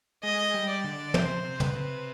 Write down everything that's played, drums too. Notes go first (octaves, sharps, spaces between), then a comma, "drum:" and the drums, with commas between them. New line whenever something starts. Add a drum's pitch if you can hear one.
G#3 D#5
G3
D5
D3
C3 C5, drum: tom
C3
B4, drum: tom
C3